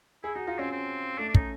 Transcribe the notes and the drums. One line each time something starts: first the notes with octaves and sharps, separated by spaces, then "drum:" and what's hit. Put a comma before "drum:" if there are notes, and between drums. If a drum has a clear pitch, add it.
E4 G#4
D#4 F#4
D#4 F4
C4 C#4
C4
A3 D4
D4
C#4 D#4, drum: kick